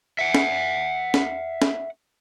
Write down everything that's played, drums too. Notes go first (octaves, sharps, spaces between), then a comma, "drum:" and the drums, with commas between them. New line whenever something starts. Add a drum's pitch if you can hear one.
E5 F#5
drum: snare
drum: snare
drum: snare